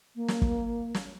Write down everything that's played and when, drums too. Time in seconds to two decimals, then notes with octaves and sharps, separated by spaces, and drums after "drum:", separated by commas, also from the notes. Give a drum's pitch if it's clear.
0.15 A#3
0.28 drum: snare
0.42 drum: kick
0.94 drum: snare